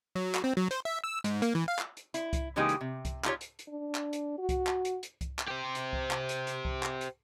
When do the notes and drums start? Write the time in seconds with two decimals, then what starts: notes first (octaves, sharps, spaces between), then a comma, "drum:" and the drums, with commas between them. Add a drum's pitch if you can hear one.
0.15 F#3
0.35 drum: clap
0.44 C4
0.57 F#3
0.71 C5, drum: hi-hat
0.85 E5
1.04 E6
1.24 G#2, drum: hi-hat
1.42 A#3, drum: hi-hat
1.55 E3
1.68 F5
1.79 drum: clap
1.97 drum: hi-hat
2.14 E4, drum: hi-hat
2.33 drum: kick C2, hi-hat
2.56 C#3 E3 G#3 A#3 D#4 G4
2.69 drum: hi-hat
2.81 C3
3.05 drum: kick C2, hi-hat
3.24 D#4 F4 G4 C#5, drum: clap
3.41 drum: hi-hat
3.59 drum: hi-hat
3.68 D4
3.95 drum: clap
4.13 drum: hi-hat
4.38 F#4
4.49 drum: kick C2, hi-hat
4.67 drum: clap
4.85 drum: hi-hat
5.03 drum: hi-hat
5.21 drum: kick C2, hi-hat
5.39 drum: clap
5.48 G4 C5
5.75 drum: hi-hat
5.93 drum: kick C2
6.11 drum: clap
6.29 drum: hi-hat
6.47 drum: hi-hat
6.65 drum: kick C2
6.83 drum: clap
7.01 drum: hi-hat